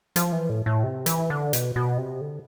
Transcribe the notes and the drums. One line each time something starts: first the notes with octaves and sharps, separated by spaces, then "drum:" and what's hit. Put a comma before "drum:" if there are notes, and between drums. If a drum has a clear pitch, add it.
F3, drum: hi-hat
E3
A2
A2
C3
E3, drum: hi-hat
D3
B2, drum: hi-hat
B2
C3
D3